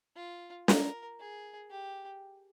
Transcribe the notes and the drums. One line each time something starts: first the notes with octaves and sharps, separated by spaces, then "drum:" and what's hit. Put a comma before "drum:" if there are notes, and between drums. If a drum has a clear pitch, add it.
F4
A#4, drum: snare
G#4
G4